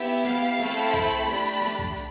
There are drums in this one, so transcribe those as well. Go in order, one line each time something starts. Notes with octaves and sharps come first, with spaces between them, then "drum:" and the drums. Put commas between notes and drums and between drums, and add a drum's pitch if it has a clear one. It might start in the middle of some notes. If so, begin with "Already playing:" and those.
Already playing: B3 E4 G4 E5
F5, drum: snare
drum: hi-hat
A3 C4 E4 A4, drum: snare
drum: hi-hat
B5, drum: kick, hi-hat
drum: hi-hat
A3 D4 G4, drum: snare
drum: hi-hat
drum: snare
drum: kick
drum: hi-hat